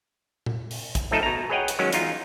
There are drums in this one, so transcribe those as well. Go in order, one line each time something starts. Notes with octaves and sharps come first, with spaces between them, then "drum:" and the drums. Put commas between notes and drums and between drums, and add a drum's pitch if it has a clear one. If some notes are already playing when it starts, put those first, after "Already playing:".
drum: tom A#2
drum: open hi-hat
drum: kick A#1, hi-hat
F3 A3 D#4 A4 D#5
B2 A#5
G#4 B4 C#5 D#5 F#5 G5
drum: hi-hat
D#3 F#3 G#3 C#4
E2 D#4 F4, drum: hi-hat